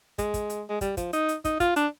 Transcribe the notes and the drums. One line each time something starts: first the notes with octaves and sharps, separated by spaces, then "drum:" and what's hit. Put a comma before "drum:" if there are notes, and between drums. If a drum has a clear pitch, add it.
G#3, drum: kick, hi-hat
drum: kick, hi-hat
drum: hi-hat
G#3
G3, drum: kick, hi-hat
F3, drum: kick, hi-hat
D#4, drum: hi-hat
drum: hi-hat
D#4, drum: kick, hi-hat
F4, drum: kick, hi-hat
D4, drum: hi-hat